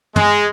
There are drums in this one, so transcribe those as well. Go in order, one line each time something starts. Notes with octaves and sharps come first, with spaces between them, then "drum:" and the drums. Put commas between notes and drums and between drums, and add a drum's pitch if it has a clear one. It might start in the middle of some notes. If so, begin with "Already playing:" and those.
G#3, drum: tom